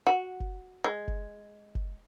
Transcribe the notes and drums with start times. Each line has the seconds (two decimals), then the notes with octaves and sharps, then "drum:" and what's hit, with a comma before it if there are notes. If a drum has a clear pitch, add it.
0.07 F#4
0.40 drum: kick F#1
0.84 G#3
1.08 drum: kick F#1
1.75 drum: kick F#1